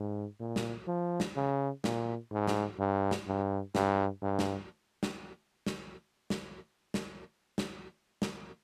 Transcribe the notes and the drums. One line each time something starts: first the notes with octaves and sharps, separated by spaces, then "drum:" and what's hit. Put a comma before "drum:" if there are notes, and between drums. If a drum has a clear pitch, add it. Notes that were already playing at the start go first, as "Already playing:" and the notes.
Already playing: G#2
A#2
drum: snare
F3
drum: snare
C#3
A#2, drum: snare
G#2
drum: snare
G2
drum: snare
G2
G2, drum: snare
G2
drum: snare
drum: snare
drum: snare
drum: snare
drum: snare
drum: snare
drum: snare